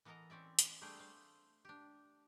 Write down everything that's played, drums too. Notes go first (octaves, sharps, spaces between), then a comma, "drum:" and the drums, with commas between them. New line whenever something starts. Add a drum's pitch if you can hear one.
E3 B3 A4 A#4 D#5 A#5
C4 C#4 D5 E5
drum: hi-hat
G3 A3 D4 G#4 C5 G5
A3 C5 F5
D4 G4